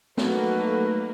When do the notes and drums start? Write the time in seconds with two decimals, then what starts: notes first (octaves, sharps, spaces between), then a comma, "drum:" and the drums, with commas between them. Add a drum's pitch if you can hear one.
0.18 F#3 A3 A#3 D#4 F#4 A4 B4, drum: snare